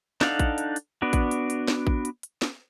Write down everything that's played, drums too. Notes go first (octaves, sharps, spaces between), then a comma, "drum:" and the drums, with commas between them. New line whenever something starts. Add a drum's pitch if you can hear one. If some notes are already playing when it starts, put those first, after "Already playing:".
D4 D#4 A4 F5 F#5, drum: snare
drum: kick A1, hi-hat
drum: hi-hat
drum: hi-hat
B3 D4 F#4
drum: kick A1, hi-hat
drum: hi-hat
drum: hi-hat
drum: snare
drum: kick A1
drum: hi-hat
drum: hi-hat
drum: snare